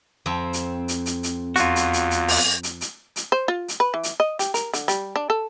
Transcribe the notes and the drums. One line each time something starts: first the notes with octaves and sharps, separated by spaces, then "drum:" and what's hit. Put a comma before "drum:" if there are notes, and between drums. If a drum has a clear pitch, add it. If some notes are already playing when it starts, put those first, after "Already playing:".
F2 C4
drum: hi-hat
drum: hi-hat
drum: hi-hat
drum: hi-hat
E2 F4 F#4, drum: hi-hat
drum: hi-hat
drum: hi-hat
drum: hi-hat
drum: open hi-hat
drum: hi-hat
drum: hi-hat
drum: hi-hat
C5
F4
drum: hi-hat
B4
E3
drum: hi-hat
D#5
G4, drum: hi-hat
A#4, drum: hi-hat
D3, drum: hi-hat
G3, drum: hi-hat
D4
A4